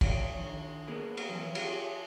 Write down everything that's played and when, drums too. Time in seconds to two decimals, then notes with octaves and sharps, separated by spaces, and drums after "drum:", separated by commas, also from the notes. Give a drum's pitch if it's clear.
0.01 D2 F3 C#5 D5 G5, drum: kick, cymbal
0.37 D3 D#3
0.87 A#3 B3 G#4 A#4 B5
1.17 drum: cymbal
1.29 F2 E3 F#3 B4 F5
1.55 F4 G4 G#4, drum: cymbal